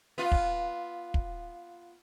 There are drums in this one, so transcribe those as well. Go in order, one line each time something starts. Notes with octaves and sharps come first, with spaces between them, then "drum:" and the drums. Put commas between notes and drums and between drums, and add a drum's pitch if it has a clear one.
B3 F4
drum: kick
drum: kick